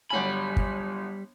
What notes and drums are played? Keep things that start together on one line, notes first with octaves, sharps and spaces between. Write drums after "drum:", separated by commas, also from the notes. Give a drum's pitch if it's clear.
G1 F#3 G3 G#5 B5
drum: kick